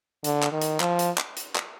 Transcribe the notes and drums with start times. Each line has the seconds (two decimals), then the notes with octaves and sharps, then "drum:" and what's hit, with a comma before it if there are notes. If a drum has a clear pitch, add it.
0.24 D3, drum: hi-hat
0.43 drum: clap
0.52 D#3
0.62 drum: hi-hat
0.80 F3, drum: clap
0.99 drum: hi-hat
1.18 drum: clap
1.37 drum: hi-hat
1.55 drum: clap